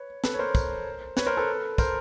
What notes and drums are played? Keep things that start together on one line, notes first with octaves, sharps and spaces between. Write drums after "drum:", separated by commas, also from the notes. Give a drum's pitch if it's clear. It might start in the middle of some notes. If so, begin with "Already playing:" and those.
Already playing: B4 C#5
A4 B4, drum: snare
C#5
A#4 C5
drum: kick, tambourine
B4 C#5, drum: snare
A#4 C5
A4 B4
A#4 C5, drum: kick, tambourine